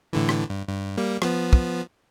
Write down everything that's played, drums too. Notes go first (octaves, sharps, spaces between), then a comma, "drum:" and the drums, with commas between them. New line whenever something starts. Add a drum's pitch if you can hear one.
A2 D3 E3
drum: rim click
G2
G2
G3 A#3
F3 B3, drum: rim click
drum: kick